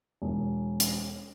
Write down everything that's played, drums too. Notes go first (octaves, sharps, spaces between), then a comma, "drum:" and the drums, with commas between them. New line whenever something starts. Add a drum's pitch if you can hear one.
E1
drum: hi-hat